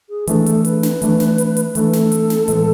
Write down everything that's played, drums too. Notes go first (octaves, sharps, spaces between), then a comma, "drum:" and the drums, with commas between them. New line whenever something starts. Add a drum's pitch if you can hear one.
G#4
E3 A3 D4 A4, drum: hi-hat
drum: hi-hat
B4, drum: hi-hat
drum: snare
E3 A3 D4, drum: hi-hat
drum: snare
drum: hi-hat
drum: hi-hat
E3 A3 D4 A4, drum: hi-hat
drum: snare
drum: hi-hat
drum: snare
A2 E3 G#3 B3, drum: hi-hat